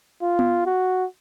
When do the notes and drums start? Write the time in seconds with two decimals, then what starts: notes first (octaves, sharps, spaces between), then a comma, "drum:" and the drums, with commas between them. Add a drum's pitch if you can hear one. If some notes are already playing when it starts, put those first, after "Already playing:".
0.22 F4
0.39 drum: tom B3
0.66 F#4